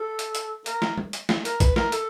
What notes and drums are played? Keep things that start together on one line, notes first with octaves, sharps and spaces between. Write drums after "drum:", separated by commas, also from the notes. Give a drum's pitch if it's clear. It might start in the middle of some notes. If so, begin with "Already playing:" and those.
Already playing: A4
drum: hi-hat
drum: hi-hat
A#4, drum: hi-hat
drum: snare
drum: tom G3
drum: hi-hat
drum: snare
A#4, drum: hi-hat
B4, drum: kick A#1, hi-hat
A#4, drum: snare
A4, drum: hi-hat